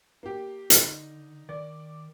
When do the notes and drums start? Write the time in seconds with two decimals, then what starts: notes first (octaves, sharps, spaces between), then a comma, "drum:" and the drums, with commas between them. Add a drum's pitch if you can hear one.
0.23 A#3 G4
0.70 D3 D#4, drum: hi-hat
1.49 D#3 A#4 D5